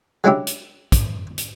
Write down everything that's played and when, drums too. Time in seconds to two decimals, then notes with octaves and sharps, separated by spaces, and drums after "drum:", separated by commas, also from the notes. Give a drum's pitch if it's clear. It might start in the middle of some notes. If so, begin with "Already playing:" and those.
0.24 F#3 G#3 C#4 D4 E4 G4
0.47 drum: hi-hat
0.92 drum: kick, hi-hat
1.38 drum: hi-hat